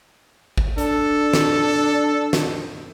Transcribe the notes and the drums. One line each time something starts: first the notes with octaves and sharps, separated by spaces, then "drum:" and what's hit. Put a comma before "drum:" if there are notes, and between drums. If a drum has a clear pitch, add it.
drum: kick G#1
D4 A4, drum: hi-hat
drum: snare
drum: snare